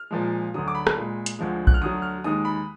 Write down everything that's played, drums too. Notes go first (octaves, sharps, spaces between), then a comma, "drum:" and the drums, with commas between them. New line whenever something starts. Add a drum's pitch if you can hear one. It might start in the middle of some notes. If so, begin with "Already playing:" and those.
Already playing: F6
A#2 F3 G#3
D2 D3 F#3 D#6
D6
B5
drum: rim click
A#2 G#3
drum: hi-hat
D2 D3 F3 G#3
F#6, drum: kick A#1
F6
D2 D3 F#3 D#6
F6
D#2 D#3 G#3 D#6
B5